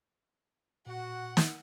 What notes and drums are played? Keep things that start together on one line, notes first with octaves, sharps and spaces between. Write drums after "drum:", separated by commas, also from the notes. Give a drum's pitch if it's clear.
A#2 F#4 F#5
drum: snare